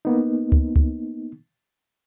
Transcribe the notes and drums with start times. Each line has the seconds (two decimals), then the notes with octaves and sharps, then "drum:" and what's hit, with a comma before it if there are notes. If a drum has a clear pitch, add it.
0.05 A#3 B3 D#4
0.52 drum: kick
0.76 drum: kick